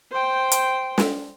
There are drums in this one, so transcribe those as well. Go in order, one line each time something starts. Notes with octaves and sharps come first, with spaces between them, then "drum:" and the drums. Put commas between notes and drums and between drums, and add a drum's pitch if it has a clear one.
C5 G5
drum: hi-hat
drum: snare